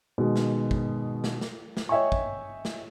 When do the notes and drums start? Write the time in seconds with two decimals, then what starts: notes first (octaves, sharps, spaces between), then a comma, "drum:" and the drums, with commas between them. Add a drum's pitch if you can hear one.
0.18 B2 D#3 G#3
0.36 drum: snare
0.71 drum: kick
1.24 drum: snare
1.41 drum: snare
1.77 drum: snare
1.89 C#5 D#5 E5 G5 G#5 C#6
2.12 drum: kick
2.65 drum: snare